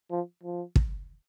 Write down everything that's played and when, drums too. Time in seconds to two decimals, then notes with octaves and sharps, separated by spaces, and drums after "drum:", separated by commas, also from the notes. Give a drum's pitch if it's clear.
0.11 F3
0.43 F3
0.76 drum: kick